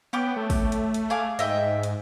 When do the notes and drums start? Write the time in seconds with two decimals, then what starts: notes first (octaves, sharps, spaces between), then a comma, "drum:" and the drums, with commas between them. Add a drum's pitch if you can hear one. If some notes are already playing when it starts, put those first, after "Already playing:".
0.13 B3 C#4 G5 D6
0.36 A3
0.50 drum: kick, open hi-hat
0.72 drum: hi-hat
0.94 drum: hi-hat
1.10 G#4 F5 D6
1.39 G#2 D#5 E5 G5, drum: hi-hat
1.83 drum: hi-hat